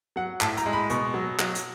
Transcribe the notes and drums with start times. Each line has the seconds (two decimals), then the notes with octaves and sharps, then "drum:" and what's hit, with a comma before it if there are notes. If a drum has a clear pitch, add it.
0.16 F#3 F#5
0.41 A2 A5, drum: clap
0.57 A#5, drum: hi-hat
0.66 G#3
0.73 B5
0.90 B2 C#6, drum: hi-hat
1.14 F#3
1.39 F#3, drum: clap
1.55 drum: hi-hat